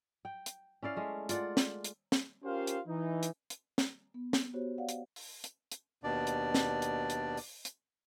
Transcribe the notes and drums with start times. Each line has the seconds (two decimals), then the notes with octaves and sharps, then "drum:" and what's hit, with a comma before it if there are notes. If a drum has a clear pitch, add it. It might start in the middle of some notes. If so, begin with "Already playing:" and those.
0.25 G5
0.46 drum: hi-hat
0.83 C#4 E4 D5 F5
0.96 G#3 A3
1.29 F4 D5 F#5, drum: hi-hat
1.57 drum: snare
1.84 drum: hi-hat
2.12 drum: snare
2.44 C#4 F4 G4 A#4 C5 F5
2.67 drum: hi-hat
2.87 E3 D#4
3.23 drum: hi-hat
3.50 drum: hi-hat
3.78 drum: snare
4.14 B3
4.33 drum: snare
4.53 B3 F#4 G4 C5 C#5
4.78 D5 F5 F#5
4.89 drum: hi-hat
5.16 drum: open hi-hat
5.44 drum: hi-hat
5.72 drum: hi-hat
6.04 D#2 B2 D4 D5
6.27 drum: hi-hat
6.54 drum: snare
6.82 drum: hi-hat
7.10 drum: hi-hat
7.37 drum: open hi-hat
7.65 drum: hi-hat